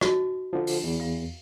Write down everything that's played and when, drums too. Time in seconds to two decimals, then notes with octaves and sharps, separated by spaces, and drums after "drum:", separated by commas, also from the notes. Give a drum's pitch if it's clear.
0.01 D#4 F#4 D#5, drum: rim click
0.53 D3 F3
0.67 drum: open hi-hat
0.84 E2
1.00 F5